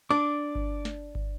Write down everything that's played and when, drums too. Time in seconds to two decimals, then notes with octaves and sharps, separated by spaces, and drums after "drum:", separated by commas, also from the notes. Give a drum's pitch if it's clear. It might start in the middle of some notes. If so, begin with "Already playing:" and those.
0.11 D4 D6
0.55 drum: kick G1
0.85 drum: snare
1.15 drum: kick G1